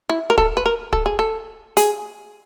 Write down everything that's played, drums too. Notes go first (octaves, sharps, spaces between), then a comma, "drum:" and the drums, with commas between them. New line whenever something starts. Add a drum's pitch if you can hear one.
E4
A#4
A4, drum: kick
B4
A#4
A4, drum: kick
G#4
A4
G#4, drum: hi-hat